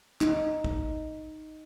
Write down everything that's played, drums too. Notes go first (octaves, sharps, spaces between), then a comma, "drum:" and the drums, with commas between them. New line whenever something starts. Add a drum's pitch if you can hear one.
D#4, drum: clap
drum: kick